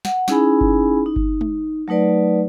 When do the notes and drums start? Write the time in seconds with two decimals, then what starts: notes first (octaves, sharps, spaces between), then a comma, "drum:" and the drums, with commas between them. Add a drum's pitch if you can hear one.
0.05 F#5, drum: snare
0.28 C#4 D#4 E4 G#4 G#5 B5, drum: snare
0.61 drum: kick G1
1.06 D#4
1.16 drum: kick G1
1.41 drum: tom G#3
1.88 F#3 A3 D#4 B4 D5